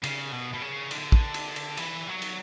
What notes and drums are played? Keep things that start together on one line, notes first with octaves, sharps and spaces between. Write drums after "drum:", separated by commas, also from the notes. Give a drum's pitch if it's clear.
C#3, drum: cymbal
B2
B2
C#3
D3, drum: cymbal
drum: kick
drum: cymbal
drum: cymbal
E3, drum: cymbal
F#3
drum: cymbal